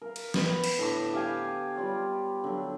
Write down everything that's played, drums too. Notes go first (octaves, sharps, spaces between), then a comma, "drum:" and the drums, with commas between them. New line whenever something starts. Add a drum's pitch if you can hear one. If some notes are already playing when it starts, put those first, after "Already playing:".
A#4 F5
drum: cymbal
B3, drum: snare
drum: cymbal
A2 D3 D4 C#6
G4 F5 G#5
G3 F4 C#5 D5
D3 F#3